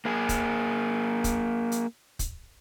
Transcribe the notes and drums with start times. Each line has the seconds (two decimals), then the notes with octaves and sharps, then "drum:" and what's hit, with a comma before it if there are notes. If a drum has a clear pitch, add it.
0.05 A#3 G#4
0.29 drum: kick, hi-hat
1.24 drum: kick, hi-hat
1.72 drum: hi-hat
2.19 drum: kick, hi-hat